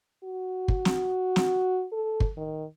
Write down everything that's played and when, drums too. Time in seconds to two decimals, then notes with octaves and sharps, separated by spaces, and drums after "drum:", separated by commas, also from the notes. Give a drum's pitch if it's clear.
0.24 F#4
0.68 drum: kick
0.85 drum: snare
1.36 drum: snare
1.92 A4
2.20 drum: kick
2.37 D#3